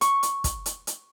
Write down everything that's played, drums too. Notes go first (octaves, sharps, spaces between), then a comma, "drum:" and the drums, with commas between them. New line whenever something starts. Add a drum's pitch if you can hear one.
C#6, drum: hi-hat
drum: hi-hat
drum: kick, hi-hat
drum: hi-hat
drum: hi-hat